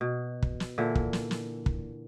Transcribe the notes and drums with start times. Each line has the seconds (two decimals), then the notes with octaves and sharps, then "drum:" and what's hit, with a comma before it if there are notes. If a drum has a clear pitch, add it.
0.01 B2
0.43 drum: kick
0.60 drum: snare
0.78 A#2 D3 E3
0.95 drum: kick
1.13 drum: snare
1.31 drum: snare
1.66 drum: kick